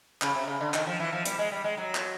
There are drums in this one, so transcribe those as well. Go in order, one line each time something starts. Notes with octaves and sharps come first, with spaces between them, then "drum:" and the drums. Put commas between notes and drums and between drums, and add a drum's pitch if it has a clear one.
C#3, drum: clap
C3
C#3
D3
D#3, drum: clap
F3
E3
F3
G3, drum: hi-hat
G#3
G3
G#3
F#3
drum: clap